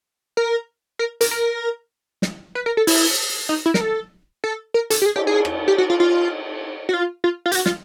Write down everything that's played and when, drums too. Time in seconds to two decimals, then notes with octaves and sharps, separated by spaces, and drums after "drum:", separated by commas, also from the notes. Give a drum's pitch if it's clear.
0.37 A#4
0.99 A#4
1.21 A#4, drum: hi-hat
1.31 A#4
2.22 drum: snare
2.55 B4
2.66 A#4
2.77 A4
2.87 E4, drum: open hi-hat
3.49 D#4
3.66 E4
3.74 A#4, drum: snare
3.81 A4
4.44 A4
4.74 A#4
4.90 A4, drum: hi-hat
5.02 G4
5.06 G#4
5.16 G4, drum: cymbal
5.27 G#4
5.45 drum: rim click
5.68 G4
5.78 F#4
5.90 F4
6.00 F4
6.89 F#4
6.94 F4
7.24 F4
7.46 F4
7.52 G4, drum: hi-hat
7.55 F#4
7.66 F4, drum: snare